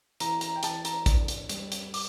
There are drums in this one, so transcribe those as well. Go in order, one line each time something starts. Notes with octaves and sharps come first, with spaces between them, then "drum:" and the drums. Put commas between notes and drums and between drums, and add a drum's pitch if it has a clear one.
E3 A#5, drum: hi-hat
A#5, drum: hi-hat
G5
E3 A5, drum: hi-hat
A#5, drum: hi-hat
D4, drum: kick A1, hi-hat
drum: hi-hat
G3, drum: hi-hat
drum: hi-hat
D6, drum: open hi-hat